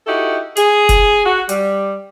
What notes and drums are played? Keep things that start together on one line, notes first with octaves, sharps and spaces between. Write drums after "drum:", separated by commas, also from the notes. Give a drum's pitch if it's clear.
D#4 E4 F#4 G4 A4
G#4, drum: hi-hat
drum: kick F1, hi-hat
F#4
G3, drum: hi-hat